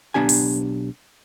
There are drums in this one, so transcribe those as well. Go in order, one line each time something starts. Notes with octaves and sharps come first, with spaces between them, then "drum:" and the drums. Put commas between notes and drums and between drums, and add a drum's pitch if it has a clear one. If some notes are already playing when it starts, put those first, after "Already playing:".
B1 C3 B3 D4 G4 G#5
drum: open hi-hat